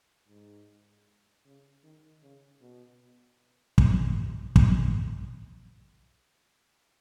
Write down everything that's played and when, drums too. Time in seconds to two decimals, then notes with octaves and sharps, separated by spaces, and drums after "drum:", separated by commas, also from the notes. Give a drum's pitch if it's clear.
0.28 G#2
1.45 C#3
1.83 D#3
2.22 C#3
2.61 B2
3.78 G#2, drum: kick
4.17 B2
4.56 drum: kick